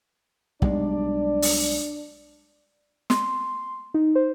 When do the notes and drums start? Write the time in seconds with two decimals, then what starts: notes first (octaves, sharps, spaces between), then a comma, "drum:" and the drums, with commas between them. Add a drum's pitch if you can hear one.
0.62 B1 G3 G#3 D4 D5, drum: kick
1.42 drum: open hi-hat
3.10 C6, drum: snare
3.94 D#4
4.15 C5